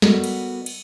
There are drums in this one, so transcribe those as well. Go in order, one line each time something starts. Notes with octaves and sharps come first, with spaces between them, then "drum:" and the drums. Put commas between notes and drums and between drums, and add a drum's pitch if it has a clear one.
G3 B3 F#4 A4 A#4 D#5, drum: snare
drum: cymbal
drum: cymbal